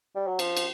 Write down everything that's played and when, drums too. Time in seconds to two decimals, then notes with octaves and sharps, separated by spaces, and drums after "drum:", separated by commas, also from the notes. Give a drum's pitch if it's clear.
0.15 G3
0.27 F#3
0.39 F3, drum: cymbal
0.57 drum: cymbal